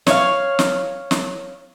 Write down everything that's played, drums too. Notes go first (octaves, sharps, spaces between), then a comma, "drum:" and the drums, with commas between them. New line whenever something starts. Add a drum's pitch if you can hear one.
C#5 F5, drum: snare
drum: snare
drum: snare